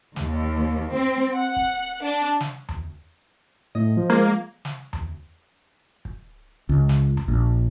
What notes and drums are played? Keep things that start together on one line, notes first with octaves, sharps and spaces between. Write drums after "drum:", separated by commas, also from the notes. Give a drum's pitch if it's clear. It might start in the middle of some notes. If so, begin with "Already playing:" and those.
D#2, drum: snare
C4
F#5
drum: kick
D4
drum: snare
drum: tom E2
A2 D#5
F3
G#3 A#3 G#4
drum: snare
drum: tom E2
drum: kick
C#2
drum: snare
drum: tom E2
A#1